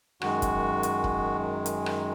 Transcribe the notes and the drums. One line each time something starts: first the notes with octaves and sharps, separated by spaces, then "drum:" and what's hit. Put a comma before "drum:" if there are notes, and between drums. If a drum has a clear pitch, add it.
F#2 D#3 G#3 F#4, drum: rim click
drum: kick, hi-hat
drum: hi-hat
drum: kick
drum: hi-hat
drum: rim click